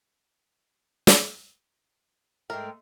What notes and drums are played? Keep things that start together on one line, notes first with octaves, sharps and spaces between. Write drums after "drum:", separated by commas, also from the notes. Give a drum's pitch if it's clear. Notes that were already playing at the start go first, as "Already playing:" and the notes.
drum: snare
G#2 G#3 A3 A#4 G5